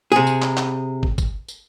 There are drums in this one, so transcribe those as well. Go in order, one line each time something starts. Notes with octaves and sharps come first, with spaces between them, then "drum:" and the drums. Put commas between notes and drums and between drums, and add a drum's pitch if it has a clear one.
C3 G#4
drum: tambourine
drum: clap
drum: clap
drum: kick
drum: kick, tambourine
drum: tambourine